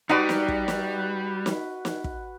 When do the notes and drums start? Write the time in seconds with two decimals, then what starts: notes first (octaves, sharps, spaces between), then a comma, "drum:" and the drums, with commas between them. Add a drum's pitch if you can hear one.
0.09 G3 D#4 F#4 B4 D5 F#5
0.29 drum: snare
0.48 drum: kick
0.68 drum: snare
1.46 drum: snare
1.85 drum: snare
2.04 drum: kick